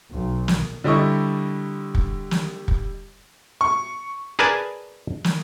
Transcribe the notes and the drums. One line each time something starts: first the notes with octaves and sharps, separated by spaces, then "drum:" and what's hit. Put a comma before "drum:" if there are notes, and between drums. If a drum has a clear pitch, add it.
B1
drum: snare
D3 G3 E4 D#5 C#6
drum: kick
drum: snare
drum: kick
C#6
G#4 A#4 B4 D5 G#5 A5
drum: snare